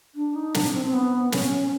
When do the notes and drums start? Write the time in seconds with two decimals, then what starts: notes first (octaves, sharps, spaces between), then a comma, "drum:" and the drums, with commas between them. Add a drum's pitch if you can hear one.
0.15 D4
0.35 D#4
0.54 D4, drum: snare
0.73 C4
0.86 C4
0.93 B3
1.32 C#4, drum: snare